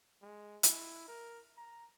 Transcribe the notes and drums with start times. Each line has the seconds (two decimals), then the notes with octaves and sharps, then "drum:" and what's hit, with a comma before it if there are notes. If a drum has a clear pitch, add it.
0.22 G#3
0.63 E4, drum: hi-hat
1.08 A#4
1.57 A#5